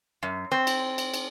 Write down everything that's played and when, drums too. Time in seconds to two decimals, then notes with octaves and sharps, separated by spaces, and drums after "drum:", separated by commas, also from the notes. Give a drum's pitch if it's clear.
0.23 F#2
0.52 C4
0.67 drum: cymbal
0.98 drum: cymbal
1.14 drum: cymbal